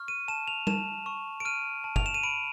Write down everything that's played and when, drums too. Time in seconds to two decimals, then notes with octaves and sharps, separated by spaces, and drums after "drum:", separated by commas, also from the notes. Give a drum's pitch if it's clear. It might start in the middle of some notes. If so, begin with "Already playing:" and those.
Already playing: C#6 F6
0.08 D#7
0.28 A5 E7
0.48 F7
0.67 A5 E7, drum: tom G3
1.06 C#6
1.40 D7
1.45 F6 D#7
1.84 A5
1.96 F7, drum: kick
2.06 E7
2.14 D#7
2.23 B5 D7